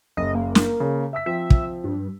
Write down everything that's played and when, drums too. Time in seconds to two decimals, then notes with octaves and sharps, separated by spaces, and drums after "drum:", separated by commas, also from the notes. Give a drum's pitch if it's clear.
0.17 F#1 D#5
0.35 A#3
0.55 drum: snare
0.80 C#3
1.13 E5 E6 B6
1.26 F3 C4 E5
1.50 drum: kick
1.84 G2